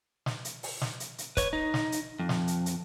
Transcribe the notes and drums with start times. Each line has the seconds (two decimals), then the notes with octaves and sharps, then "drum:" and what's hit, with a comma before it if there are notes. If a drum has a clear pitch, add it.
0.26 drum: snare
0.45 drum: hi-hat
0.63 drum: open hi-hat
0.82 drum: snare
1.00 drum: hi-hat
1.18 drum: hi-hat
1.37 B4 C#5, drum: kick, hi-hat
1.53 D#4
1.74 drum: snare
1.92 drum: hi-hat
2.19 F2
2.29 drum: snare
2.47 drum: hi-hat
2.66 drum: hi-hat